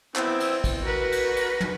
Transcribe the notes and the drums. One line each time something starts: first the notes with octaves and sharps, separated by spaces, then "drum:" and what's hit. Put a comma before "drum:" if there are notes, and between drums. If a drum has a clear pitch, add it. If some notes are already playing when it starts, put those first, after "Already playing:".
B3 C4 E4, drum: clap
drum: cymbal
drum: kick, cymbal
F#4 A#4 B4
drum: cymbal
drum: cymbal
drum: tom